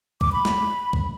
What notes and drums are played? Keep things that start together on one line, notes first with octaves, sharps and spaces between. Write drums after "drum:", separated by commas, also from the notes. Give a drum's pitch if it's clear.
D6, drum: kick
B5
drum: snare
drum: kick